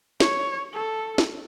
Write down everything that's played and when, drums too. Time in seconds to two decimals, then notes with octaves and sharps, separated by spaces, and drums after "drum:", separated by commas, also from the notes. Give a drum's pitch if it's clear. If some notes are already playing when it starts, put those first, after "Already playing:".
0.20 C#5, drum: snare
0.73 A4
1.18 drum: snare